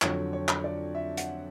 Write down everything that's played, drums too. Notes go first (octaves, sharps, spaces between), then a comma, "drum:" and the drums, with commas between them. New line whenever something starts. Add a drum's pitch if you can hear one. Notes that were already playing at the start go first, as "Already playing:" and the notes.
F2 D3 F#3 C#5, drum: clap
C#5
drum: clap
D5
E5
F#5, drum: hi-hat